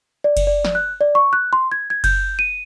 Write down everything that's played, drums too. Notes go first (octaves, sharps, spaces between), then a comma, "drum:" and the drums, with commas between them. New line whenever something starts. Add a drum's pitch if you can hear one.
D5
drum: kick F#1, cymbal
D5
drum: snare
F#6
D5
C#6
F#6
C6
G#6
G#6
G6, drum: kick F#1, cymbal
D#7